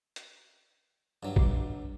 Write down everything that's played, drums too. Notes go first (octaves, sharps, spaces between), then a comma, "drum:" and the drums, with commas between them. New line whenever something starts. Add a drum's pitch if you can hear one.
drum: hi-hat
G2 F#3
G3 D4, drum: kick